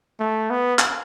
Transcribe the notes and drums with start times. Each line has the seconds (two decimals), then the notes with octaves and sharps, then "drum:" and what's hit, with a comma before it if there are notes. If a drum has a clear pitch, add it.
0.20 A3
0.50 B3
0.79 drum: clap